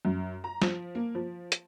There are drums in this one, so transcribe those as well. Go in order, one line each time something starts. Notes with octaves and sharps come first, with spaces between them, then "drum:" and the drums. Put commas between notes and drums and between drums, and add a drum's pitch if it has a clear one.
F#2
A#5
F3, drum: snare
A#3
F3
drum: hi-hat